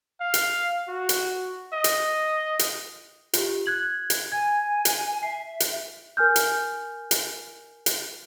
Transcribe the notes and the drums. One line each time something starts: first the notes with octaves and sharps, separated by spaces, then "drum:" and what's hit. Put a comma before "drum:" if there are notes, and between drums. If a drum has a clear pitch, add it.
F5
drum: hi-hat
F#4
drum: hi-hat
D#5
drum: hi-hat
drum: hi-hat
F4 G4, drum: hi-hat
F#6 G#6 F#7
drum: hi-hat
G#5 G#6
drum: hi-hat
E5 C7
drum: hi-hat
A#4 G#5 F6 G6
drum: hi-hat
drum: hi-hat
drum: hi-hat